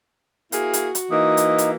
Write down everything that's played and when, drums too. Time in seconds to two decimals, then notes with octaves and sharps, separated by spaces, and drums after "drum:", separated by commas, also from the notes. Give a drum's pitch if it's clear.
0.52 A#3 E4 F#4 G#4, drum: hi-hat
0.73 drum: hi-hat
0.95 drum: hi-hat
1.11 E3 A#3 D#4 D#6
1.37 drum: hi-hat
1.58 drum: hi-hat